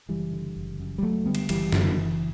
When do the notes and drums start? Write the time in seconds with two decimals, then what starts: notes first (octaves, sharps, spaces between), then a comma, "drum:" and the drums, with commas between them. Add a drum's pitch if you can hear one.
0.09 F#1 E3 G3
0.32 D3
0.57 F#1
0.80 F#2
0.98 G3
1.02 F#1 F#3 A3
1.25 D3 G3 B3
1.35 drum: cymbal
1.49 F#1 E3 G3, drum: cymbal
1.72 F#2 D3 F#3, drum: tom F#2
1.96 F#1 E3